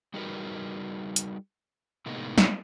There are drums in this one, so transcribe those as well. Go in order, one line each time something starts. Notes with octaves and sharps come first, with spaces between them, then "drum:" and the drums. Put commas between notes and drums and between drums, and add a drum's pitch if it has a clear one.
G3 D#4 F#4 G#4 A#4 B4
drum: hi-hat
A2 C3 G#3 A#3 B3 D#4
drum: snare